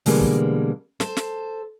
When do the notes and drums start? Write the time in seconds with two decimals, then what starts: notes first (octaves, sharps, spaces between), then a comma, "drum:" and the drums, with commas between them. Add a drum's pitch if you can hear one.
0.06 B2 D3 E3 G3 G#3 A#3, drum: open hi-hat
0.21 drum: kick
1.00 A4 C5, drum: snare
1.17 drum: snare